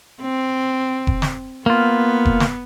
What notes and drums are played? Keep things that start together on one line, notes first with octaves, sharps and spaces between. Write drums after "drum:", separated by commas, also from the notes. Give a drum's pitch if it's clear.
C4
drum: kick F1
drum: snare
A#3 B3 F4
drum: kick F1
drum: snare